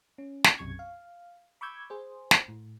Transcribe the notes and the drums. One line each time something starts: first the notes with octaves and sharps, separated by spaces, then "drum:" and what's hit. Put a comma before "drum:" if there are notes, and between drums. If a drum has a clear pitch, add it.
C#4
drum: snare
B1 F#2 C3 C#6 G#6
F5
B5 C#6 D6 E6 G6 G#6
G#4 C5
drum: snare
A2